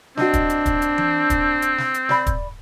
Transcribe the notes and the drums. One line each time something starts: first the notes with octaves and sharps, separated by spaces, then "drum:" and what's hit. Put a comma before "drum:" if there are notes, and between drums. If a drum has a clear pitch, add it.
C4 D4 F#4 D#5, drum: snare
drum: kick, hi-hat
drum: hi-hat
drum: kick, hi-hat
drum: hi-hat
drum: tom E3
drum: kick, hi-hat
drum: hi-hat
drum: snare
drum: hi-hat
D5 B5, drum: snare
drum: kick, hi-hat